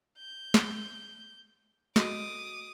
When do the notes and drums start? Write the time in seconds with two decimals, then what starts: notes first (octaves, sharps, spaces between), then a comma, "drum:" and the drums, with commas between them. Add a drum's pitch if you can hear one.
0.19 G6
0.54 drum: snare
1.96 F#4 A4 D#5 D6 D#6, drum: snare